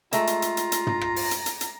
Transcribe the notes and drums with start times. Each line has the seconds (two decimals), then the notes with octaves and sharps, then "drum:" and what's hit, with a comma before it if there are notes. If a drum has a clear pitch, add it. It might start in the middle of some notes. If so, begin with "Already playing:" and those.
0.13 G#3 A3 F4 E5 A#5, drum: hi-hat
0.27 drum: hi-hat
0.42 drum: hi-hat
0.57 drum: hi-hat
0.72 drum: hi-hat
0.87 drum: tom
1.01 drum: rim click
1.16 drum: open hi-hat
1.31 drum: hi-hat
1.46 drum: hi-hat
1.61 drum: hi-hat